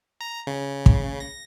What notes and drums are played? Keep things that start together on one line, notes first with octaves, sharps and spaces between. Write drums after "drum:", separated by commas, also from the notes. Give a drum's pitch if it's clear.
A#5
C#3
drum: kick
A#6